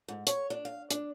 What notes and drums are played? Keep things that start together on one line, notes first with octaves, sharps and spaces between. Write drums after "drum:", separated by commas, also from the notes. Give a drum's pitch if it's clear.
G#2
C#5, drum: hi-hat
D4
F5
D4, drum: hi-hat